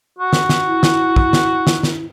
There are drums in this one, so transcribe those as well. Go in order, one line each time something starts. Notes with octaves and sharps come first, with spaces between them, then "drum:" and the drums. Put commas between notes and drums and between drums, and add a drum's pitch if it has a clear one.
F#4
drum: snare
drum: snare
E4
drum: snare
drum: kick
drum: snare
drum: snare
drum: snare